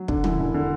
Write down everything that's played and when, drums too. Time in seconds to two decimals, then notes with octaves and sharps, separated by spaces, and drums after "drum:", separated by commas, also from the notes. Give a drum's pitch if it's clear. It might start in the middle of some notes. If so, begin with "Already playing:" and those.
Already playing: F#3
0.08 D3 D4, drum: kick
0.24 F#2 E4, drum: tom
0.39 E1
0.54 D3